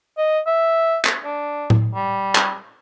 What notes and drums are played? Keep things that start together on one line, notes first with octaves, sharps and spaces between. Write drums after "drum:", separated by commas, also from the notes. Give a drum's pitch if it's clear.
D#5
E5
drum: clap
D4
drum: tom A2
G3
drum: clap